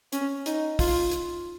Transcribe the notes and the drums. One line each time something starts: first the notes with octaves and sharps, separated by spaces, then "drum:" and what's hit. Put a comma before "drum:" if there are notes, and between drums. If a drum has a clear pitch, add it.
C#4, drum: hi-hat
D#4, drum: hi-hat
F4, drum: kick, open hi-hat
drum: hi-hat